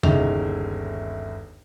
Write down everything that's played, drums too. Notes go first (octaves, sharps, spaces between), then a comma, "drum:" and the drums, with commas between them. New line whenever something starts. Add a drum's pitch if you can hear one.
G1 D#2 C#3 D#4 E4 F7, drum: tom C3